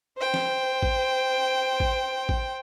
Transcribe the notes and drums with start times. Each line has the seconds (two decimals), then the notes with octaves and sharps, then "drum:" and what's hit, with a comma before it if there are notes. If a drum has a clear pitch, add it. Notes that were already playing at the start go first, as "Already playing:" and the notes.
0.18 C5 G5
0.34 drum: snare
0.83 drum: kick A1
1.80 drum: kick A1
2.29 drum: kick A1